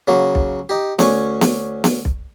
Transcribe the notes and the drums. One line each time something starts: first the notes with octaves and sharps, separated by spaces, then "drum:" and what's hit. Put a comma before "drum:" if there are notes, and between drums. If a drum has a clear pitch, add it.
C#3 F#3 A#3
drum: kick B1
D#4 G4
D2 C#4 G#5 C#6, drum: snare B3
drum: snare B3
drum: snare B3
drum: kick B1